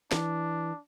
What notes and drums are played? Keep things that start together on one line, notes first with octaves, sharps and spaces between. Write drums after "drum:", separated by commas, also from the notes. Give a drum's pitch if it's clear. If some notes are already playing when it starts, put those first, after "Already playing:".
E3 D4, drum: snare